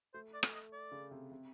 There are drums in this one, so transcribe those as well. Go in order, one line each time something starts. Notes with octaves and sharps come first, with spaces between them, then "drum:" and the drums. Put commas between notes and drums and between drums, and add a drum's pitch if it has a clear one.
A3 C5
D5
A3, drum: rim click
D#5
D5
C#3
C3
C3